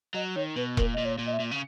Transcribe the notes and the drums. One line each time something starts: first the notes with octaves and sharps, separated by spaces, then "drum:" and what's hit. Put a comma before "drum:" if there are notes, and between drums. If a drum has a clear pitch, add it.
F#3 D#5
D#3 C#5
B2 B4
A#2 A#4, drum: kick E1
A#2 D#5
C#5
A#2
D#5
E5
A#2
C#3